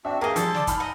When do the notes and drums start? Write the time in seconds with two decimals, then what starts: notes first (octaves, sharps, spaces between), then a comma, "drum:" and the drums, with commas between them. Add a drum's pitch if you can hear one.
0.05 C4 D4 F#4 E5
0.21 A#3 G4 G#4 A#4 D#5 F5 G#5 A#5
0.36 F3 G3 A4 A5 C6, drum: hi-hat
0.55 D5, drum: snare
0.67 D#4 G#5 B5 F6, drum: kick, hi-hat
0.80 D#5 F#5 A#5